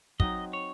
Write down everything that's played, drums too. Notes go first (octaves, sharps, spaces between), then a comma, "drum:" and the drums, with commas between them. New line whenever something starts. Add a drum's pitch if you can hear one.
F#3 C4 D#4 D#5, drum: kick
C#5